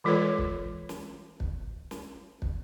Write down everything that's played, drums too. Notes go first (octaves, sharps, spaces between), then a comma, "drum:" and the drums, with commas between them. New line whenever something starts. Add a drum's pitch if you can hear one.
E3 G#3 F4 A4 B4 C#5
drum: kick
drum: snare
drum: kick
drum: snare
drum: kick